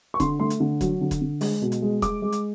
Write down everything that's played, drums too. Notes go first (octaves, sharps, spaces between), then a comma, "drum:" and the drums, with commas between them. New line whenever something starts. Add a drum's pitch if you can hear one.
C#6
D3 C6, drum: kick E1, hi-hat
A3 C6
drum: hi-hat
D3
F#3, drum: kick E1, hi-hat
D3
drum: kick E1, hi-hat
D3
G#3, drum: open hi-hat
B2
drum: hi-hat
G#3
G#3 D6, drum: kick E1, hi-hat
G#3
drum: hi-hat